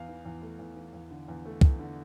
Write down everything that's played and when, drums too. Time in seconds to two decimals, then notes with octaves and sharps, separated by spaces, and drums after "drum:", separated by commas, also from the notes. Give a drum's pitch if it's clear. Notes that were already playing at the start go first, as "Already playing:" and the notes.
Already playing: E2 F5
0.09 E3
0.25 E2
0.42 A3
0.59 E2
0.76 E3
0.93 E2
1.11 D3
1.28 E2
1.45 A3
1.61 E2, drum: kick
1.79 D3